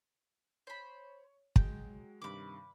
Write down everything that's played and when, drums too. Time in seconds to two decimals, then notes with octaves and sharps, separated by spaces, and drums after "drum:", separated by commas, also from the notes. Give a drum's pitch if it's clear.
0.67 C5 C#5 B5
1.56 F#3 G#3 G5, drum: kick
2.22 G2 C3 D#3 B5 D6